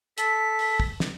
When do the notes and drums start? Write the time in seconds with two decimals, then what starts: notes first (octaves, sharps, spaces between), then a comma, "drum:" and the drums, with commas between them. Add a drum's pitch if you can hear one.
0.18 A4 B6, drum: hi-hat
0.59 drum: open hi-hat
0.80 drum: kick
1.00 drum: snare